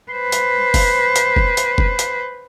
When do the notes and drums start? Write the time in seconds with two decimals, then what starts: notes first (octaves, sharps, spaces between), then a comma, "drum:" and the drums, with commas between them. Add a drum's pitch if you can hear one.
0.12 B4 C5
0.32 drum: hi-hat
0.74 drum: kick F1, open hi-hat
1.16 drum: hi-hat
1.36 drum: kick F1
1.57 drum: hi-hat
1.78 drum: kick F1
1.99 drum: hi-hat